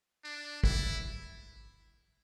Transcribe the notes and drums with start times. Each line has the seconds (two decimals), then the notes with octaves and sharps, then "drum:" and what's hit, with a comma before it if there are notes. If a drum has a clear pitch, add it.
0.24 D4
0.64 E4, drum: kick